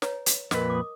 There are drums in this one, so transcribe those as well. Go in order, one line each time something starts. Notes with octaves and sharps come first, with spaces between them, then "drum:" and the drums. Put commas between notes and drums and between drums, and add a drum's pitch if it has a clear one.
B4 C#5 A#5, drum: snare
drum: hi-hat
F2 A#2 A#4 B4 D#5, drum: snare
D6 D#6